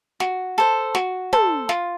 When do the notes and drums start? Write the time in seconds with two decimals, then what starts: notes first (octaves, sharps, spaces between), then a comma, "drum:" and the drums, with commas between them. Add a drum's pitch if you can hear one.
0.20 F#4, drum: snare
0.58 A4 C5
0.95 F#4, drum: snare
1.33 A4 C5, drum: tom
1.69 F4, drum: snare